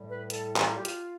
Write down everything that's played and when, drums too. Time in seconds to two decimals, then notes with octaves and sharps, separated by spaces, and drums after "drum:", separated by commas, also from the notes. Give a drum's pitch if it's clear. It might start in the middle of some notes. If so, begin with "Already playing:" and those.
Already playing: A2 G3
0.10 B4
0.30 A4, drum: hi-hat
0.56 drum: clap
0.69 F4
0.77 G4
0.85 F4, drum: hi-hat